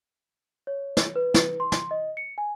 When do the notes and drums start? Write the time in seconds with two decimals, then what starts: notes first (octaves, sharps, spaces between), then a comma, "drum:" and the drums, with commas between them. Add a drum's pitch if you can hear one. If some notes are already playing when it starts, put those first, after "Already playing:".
0.67 C#5
0.97 drum: snare
1.16 B4
1.34 drum: snare
1.60 C6
1.72 drum: snare
1.91 D#5
2.17 C#7
2.38 G#5